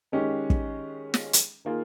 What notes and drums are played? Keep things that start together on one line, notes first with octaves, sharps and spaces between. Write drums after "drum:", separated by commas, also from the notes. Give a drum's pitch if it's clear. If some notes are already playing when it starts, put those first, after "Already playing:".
D#3 G#3 C#4 G4
drum: kick
drum: snare
drum: hi-hat
D#3 A#3 F4 G#4